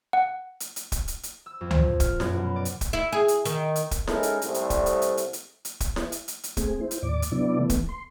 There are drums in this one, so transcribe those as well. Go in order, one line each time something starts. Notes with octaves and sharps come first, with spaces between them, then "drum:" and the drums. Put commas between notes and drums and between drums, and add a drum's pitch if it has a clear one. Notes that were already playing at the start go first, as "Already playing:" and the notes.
F#5
drum: hi-hat
drum: hi-hat
drum: kick, hi-hat
drum: hi-hat
drum: hi-hat
E6
F2
drum: tom C#2
A#2
F6, drum: kick, hi-hat
F#2, drum: snare E4
B2
D5
drum: hi-hat
drum: kick, hi-hat
E4
G#4
drum: hi-hat
D#3, drum: hi-hat
drum: hi-hat
drum: kick, hi-hat
G#3 C#4 D#4 E4 A4 A#4, drum: snare E4
drum: hi-hat
C2 A2, drum: hi-hat
drum: hi-hat
drum: kick, hi-hat
drum: hi-hat
drum: hi-hat
drum: hi-hat
drum: hi-hat
drum: hi-hat
drum: kick, hi-hat
drum: snare E4
drum: hi-hat
drum: hi-hat
drum: hi-hat
A3 C4 G#4, drum: kick, hi-hat
E4 C5
drum: hi-hat
D#2 A2 D5 D6
drum: hi-hat
C3 F#3 B3 D4 E4 D5
E3 A3 B3
drum: kick, hi-hat
C6